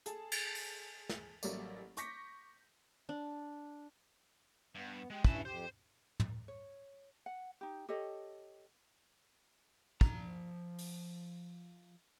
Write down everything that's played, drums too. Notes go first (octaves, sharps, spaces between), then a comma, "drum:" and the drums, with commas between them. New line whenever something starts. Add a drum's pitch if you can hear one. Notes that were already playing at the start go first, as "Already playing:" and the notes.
G#4 A4 A5, drum: hi-hat
drum: cymbal
drum: open hi-hat
drum: snare
A1 F#3 G3 A3 A#3 D5, drum: tambourine
C#6 D6 G6 A#6 B6 C#7, drum: hi-hat
D4
G2 B3
G#3 G4
G2 C#4 E4 B4 A5, drum: kick
F2 G4 C5
drum: tom
C#5
F#5
D#4 G4
G4 A4 C#5 D#5
F3 A#5, drum: kick
drum: open hi-hat